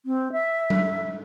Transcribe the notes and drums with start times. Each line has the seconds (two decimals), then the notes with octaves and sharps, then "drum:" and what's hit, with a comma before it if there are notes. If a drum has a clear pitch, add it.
0.06 C4
0.32 E5
0.70 drum: tom F#3